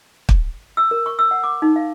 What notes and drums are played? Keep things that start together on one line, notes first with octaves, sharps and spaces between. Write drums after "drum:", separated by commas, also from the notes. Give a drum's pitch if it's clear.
drum: kick
E6
A#4
C#6
E6
F#5
D6
D#4
F5